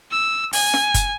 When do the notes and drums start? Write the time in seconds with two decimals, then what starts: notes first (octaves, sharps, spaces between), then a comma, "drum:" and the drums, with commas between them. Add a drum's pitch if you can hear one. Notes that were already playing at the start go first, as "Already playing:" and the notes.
0.11 E6
0.53 G#5, drum: open hi-hat
0.74 drum: snare
0.94 drum: kick F#1, hi-hat